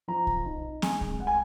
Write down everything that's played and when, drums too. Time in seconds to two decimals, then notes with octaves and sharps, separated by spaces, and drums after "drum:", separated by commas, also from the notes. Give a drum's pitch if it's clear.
0.08 F3 A#5
0.27 drum: kick
0.46 D#4
0.82 G#3 G#5, drum: snare C4
1.01 drum: kick
1.20 F#5
1.27 G#5